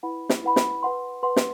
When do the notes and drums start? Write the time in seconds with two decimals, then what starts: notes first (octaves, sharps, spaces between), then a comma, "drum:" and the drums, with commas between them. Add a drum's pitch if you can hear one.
0.03 E4 B4 F#5 B5
0.29 drum: snare
0.43 E4 B4 F#5 B5
0.56 drum: snare
0.83 B4 F#5 C6
1.23 B4 F#5 C6
1.36 drum: snare